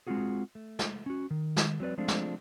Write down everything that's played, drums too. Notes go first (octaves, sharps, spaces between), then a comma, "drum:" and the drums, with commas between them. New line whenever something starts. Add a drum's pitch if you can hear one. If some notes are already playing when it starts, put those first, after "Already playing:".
G#3 C4 C#4 F4 F#4 G#4
A3
drum: snare
C#4 F#4
D#3
drum: snare
F#3 C4 B4 D5
F3 G#3 A3 C4 D4 F4
drum: snare